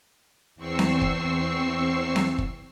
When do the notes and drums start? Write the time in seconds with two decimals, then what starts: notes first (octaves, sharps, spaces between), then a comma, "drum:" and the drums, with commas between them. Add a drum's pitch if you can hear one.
0.56 E2 C4 C#6 E6 C7
0.79 drum: snare C4
1.02 drum: kick
2.16 drum: snare C4
2.38 drum: kick